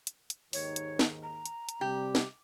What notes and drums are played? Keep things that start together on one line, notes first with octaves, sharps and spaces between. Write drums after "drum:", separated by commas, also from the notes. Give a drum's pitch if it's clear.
drum: hi-hat
drum: hi-hat
D#2 G#2 D#3 C#5, drum: open hi-hat
drum: hi-hat
drum: snare
A#5
drum: hi-hat
drum: hi-hat
C3 G3 G4
drum: snare